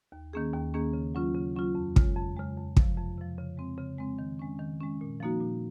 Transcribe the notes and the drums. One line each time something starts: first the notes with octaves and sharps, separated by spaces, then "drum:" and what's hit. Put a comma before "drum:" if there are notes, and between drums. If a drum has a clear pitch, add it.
D#2
D#3 A#3 C#4 G#4
D#2
D#3 A#3 C#4 G#4
C#3
F#3 C#4 F4
C#3
F#3 C#4 F4
F2
C#3 G#3, drum: kick
F2
C#3 G#3
F2
C3 F3, drum: kick
F2
C3 F3
C#3
G#3 C4
C#3
G#3 C4
D#3
G#3 C#4
D#3
G#3 C#4
A#2
F3 A#3 D#4 F#4
A#2